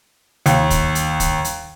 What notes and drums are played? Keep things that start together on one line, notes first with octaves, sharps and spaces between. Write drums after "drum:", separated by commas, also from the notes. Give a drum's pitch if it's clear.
D#2, drum: hi-hat
drum: kick, hi-hat
drum: hi-hat
drum: kick, hi-hat
drum: hi-hat